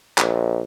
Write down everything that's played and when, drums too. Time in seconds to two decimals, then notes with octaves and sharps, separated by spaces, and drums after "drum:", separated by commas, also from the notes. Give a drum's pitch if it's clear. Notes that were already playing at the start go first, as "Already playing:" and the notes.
0.18 A#1, drum: clap